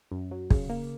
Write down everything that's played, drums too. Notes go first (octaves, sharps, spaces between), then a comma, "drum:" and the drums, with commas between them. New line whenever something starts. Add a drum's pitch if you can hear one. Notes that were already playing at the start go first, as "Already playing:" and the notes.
F#2
F#3
C#3, drum: kick
A#3